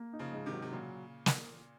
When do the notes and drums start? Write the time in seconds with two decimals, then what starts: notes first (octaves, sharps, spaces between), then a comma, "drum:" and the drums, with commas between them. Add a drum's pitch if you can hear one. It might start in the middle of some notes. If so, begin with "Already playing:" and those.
Already playing: A#3
0.13 D#4
0.19 C#3 F3
0.33 G#2
0.46 C3 D#3
0.53 F#3
0.62 C3
0.72 A#2 C#3 F#3
1.26 drum: snare